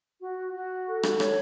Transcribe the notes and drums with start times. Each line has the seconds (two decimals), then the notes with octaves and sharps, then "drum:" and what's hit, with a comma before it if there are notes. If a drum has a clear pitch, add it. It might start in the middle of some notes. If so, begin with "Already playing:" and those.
0.21 F#4
0.54 F#4
0.87 A4
1.03 drum: rim click
1.20 C#5, drum: rim click